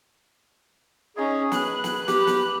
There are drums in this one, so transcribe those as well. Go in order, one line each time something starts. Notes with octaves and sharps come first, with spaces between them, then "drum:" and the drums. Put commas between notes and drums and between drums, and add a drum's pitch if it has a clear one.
C#4 D#4 G#4
B4 F#6, drum: snare
drum: snare
G4, drum: snare
drum: snare